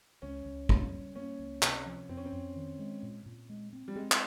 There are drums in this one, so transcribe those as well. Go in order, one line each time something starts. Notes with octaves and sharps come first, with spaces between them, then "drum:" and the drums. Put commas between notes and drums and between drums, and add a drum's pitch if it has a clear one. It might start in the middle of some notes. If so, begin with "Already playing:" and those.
C#2 C#4
C#2
C#3, drum: kick
G3
A#3 C#4
C#2
C3, drum: clap
F3
F2 C4
C#4
C4
F2
D#3
G#3
A#2
A#2
G#3
C4
G3
G#3 C4
drum: clap